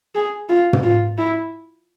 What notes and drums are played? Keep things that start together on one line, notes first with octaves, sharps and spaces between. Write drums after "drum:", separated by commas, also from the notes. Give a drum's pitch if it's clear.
G#4
F4
drum: tom
F4
E4